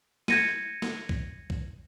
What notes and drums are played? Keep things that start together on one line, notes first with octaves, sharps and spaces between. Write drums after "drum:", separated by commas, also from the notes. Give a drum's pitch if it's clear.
G6 G#6 A#6 C#7 D#7, drum: snare
drum: snare
drum: kick
drum: kick